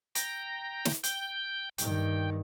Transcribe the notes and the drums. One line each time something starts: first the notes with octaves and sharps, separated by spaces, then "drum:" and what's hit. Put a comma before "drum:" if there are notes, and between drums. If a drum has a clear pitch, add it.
G5 A#5, drum: hi-hat
drum: snare
G5 G6, drum: hi-hat
G2 D#3 G5, drum: hi-hat